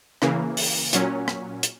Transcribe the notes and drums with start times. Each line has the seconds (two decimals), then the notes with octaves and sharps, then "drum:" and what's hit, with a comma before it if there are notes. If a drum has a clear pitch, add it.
0.22 C#3 E3 A#3, drum: rim click
0.57 drum: open hi-hat
0.93 A#2 F#3 C#4, drum: hi-hat
1.28 drum: rim click
1.63 drum: hi-hat